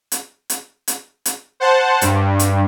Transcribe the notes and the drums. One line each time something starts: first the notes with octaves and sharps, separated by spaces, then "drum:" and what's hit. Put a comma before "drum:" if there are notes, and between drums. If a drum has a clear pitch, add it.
drum: hi-hat
drum: hi-hat
drum: hi-hat
drum: hi-hat
C5 F#5 A5
G2, drum: hi-hat
drum: hi-hat